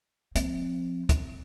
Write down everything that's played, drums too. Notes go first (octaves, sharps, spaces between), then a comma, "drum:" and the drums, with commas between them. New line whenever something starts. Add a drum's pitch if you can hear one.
F3 C4, drum: hi-hat
drum: kick, hi-hat